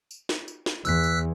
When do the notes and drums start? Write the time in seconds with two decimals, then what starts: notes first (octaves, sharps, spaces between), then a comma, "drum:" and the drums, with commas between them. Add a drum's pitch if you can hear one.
0.11 drum: tambourine
0.29 drum: snare
0.48 drum: tambourine
0.66 drum: snare
0.85 E2 E6 F#6 B6, drum: tambourine
1.03 drum: tambourine